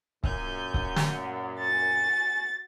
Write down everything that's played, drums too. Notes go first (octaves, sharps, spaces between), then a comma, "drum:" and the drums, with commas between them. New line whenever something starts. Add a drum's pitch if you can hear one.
F#2 A#2 G#5 G6, drum: kick C#1
F#5, drum: kick C#1
drum: snare
F#4 G#5 A6